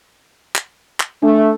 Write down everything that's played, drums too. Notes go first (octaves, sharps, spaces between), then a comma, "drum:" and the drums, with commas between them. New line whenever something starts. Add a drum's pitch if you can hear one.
drum: clap
drum: clap
A3 D4